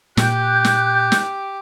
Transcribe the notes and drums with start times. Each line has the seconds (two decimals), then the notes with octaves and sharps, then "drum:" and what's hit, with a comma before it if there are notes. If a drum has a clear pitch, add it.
0.17 A#2 G4 F#6 G6, drum: snare
0.64 drum: snare
1.12 drum: snare